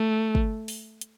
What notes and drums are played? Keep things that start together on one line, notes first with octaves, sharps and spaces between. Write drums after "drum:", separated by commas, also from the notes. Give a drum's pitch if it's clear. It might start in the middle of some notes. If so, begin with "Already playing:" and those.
Already playing: A3
drum: kick
drum: open hi-hat
drum: hi-hat